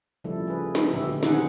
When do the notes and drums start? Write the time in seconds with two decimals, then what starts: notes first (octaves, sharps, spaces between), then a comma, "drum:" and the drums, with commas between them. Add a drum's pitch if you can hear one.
0.24 C#3 F3 G3 A3 E4 A4
0.47 G#4 B4
0.75 G#3 A3 B3, drum: snare
0.93 A#2 D3 F#3 G4 E5
1.23 D#3 B3 G#4 C5 F#5, drum: snare